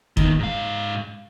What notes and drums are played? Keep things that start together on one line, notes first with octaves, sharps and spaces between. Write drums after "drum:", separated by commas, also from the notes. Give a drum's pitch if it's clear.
E2 D#3, drum: kick
G#2 F5